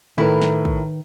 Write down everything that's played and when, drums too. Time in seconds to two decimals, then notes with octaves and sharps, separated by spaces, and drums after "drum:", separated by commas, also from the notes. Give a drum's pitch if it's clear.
0.18 A2 D#3 E4 A#4 B4
0.41 drum: snare
0.65 drum: kick